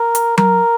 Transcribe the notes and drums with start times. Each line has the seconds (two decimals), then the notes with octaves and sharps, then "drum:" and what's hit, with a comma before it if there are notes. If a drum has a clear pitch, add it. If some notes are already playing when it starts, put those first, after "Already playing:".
Already playing: A#4
0.15 drum: hi-hat
0.38 A#4, drum: tom F#3